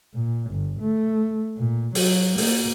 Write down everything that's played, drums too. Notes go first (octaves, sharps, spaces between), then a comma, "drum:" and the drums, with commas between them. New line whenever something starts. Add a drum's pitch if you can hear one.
A#2
G1
A3
A#2
F#3, drum: open hi-hat
A#3, drum: open hi-hat